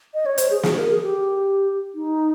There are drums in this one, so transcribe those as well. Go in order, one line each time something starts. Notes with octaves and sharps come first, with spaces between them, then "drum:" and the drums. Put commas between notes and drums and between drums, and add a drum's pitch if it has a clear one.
D#5
C#5
C5, drum: hi-hat
G#4
G#4, drum: snare
A#4
G#4
G4
D#4